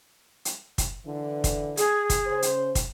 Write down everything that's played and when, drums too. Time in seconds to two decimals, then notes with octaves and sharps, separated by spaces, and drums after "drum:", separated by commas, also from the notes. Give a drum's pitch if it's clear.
0.45 drum: hi-hat
0.78 drum: kick, hi-hat
1.06 D3 E3
1.44 drum: kick, hi-hat
1.77 G#4, drum: hi-hat
2.10 drum: kick, hi-hat
2.26 C#3 C5
2.42 drum: hi-hat
2.75 drum: kick, hi-hat